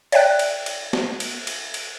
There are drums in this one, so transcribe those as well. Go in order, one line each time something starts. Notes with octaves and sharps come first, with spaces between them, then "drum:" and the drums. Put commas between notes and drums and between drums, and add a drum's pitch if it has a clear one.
C#5 D5 E5 G5 F#6, drum: cymbal
drum: cymbal
drum: cymbal
drum: snare
drum: cymbal
drum: cymbal
drum: cymbal